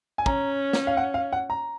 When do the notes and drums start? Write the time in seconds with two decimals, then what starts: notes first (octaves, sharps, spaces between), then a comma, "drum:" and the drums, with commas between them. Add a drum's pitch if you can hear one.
0.18 G#5
0.26 C#4 A#5, drum: kick
0.73 drum: snare
0.87 F5
0.97 F#5
1.14 F5
1.32 F#5
1.50 A#5